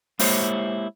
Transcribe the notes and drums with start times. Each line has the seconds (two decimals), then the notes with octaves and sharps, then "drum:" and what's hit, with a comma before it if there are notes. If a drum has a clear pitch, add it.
0.19 G#3 A#3 E4 G4 C5 C#5, drum: open hi-hat